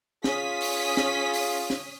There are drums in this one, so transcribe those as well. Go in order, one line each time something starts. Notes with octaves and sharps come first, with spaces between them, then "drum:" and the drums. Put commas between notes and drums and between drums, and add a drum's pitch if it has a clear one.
C#4 F4 G#4 D#6 B6, drum: snare
drum: open hi-hat
drum: snare
drum: open hi-hat
drum: snare